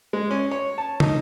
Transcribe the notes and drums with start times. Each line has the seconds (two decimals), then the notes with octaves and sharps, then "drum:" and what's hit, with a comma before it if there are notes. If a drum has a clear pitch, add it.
0.13 G#3
0.31 C#4
0.51 C#5
0.78 A5
1.00 D#4, drum: tom